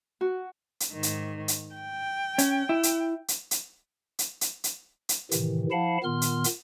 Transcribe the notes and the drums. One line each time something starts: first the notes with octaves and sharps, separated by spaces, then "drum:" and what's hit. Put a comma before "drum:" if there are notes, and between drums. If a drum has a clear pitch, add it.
F#4
drum: hi-hat
G#2 D#3
drum: hi-hat
drum: hi-hat
G5
C#4, drum: hi-hat
E4
drum: hi-hat
drum: hi-hat
drum: hi-hat
drum: hi-hat
drum: hi-hat
drum: hi-hat
drum: hi-hat
A2 C3 D#3 E3, drum: hi-hat
F3 E4 F5 F#5 A5 B5
A#2 D#3 B3 C6 F6
drum: hi-hat
drum: hi-hat